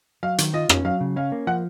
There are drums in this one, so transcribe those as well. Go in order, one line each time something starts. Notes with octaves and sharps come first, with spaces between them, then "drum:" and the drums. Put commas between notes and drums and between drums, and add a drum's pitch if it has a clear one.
F#3 F5
D#3, drum: hi-hat
F4 D#5
C#4, drum: rim click
F#3 F5
C#3
C#4 F5
A#3
F3 F#5